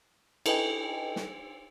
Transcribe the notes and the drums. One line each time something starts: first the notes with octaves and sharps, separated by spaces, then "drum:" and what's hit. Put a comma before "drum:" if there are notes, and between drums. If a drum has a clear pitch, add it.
E4 A4 B4 D#5 G5 G#5, drum: cymbal
drum: snare